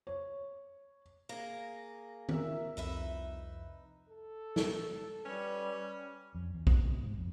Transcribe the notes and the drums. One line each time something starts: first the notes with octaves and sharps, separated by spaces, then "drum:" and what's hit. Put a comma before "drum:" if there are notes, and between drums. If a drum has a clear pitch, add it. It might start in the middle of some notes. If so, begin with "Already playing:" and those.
C#5
A#3 G#4 A#6
A#4 E5, drum: tom
C2 F2 D#4 B4 E5
A4
drum: snare
G3 C#4 B4
F2
E2
D#2, drum: kick
C3
G#2
F2